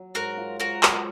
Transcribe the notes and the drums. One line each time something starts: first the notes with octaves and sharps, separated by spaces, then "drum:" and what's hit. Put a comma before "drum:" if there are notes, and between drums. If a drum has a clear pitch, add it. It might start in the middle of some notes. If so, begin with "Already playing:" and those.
Already playing: F#3
G#2 F#4 A#4
F4
G#2 F#4 A#4
F#3, drum: clap